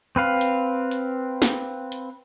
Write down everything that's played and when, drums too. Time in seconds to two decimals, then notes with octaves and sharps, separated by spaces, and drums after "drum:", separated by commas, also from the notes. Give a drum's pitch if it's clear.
0.16 C4 B4 F5
0.41 drum: hi-hat
0.91 drum: hi-hat
1.42 drum: snare
1.92 drum: hi-hat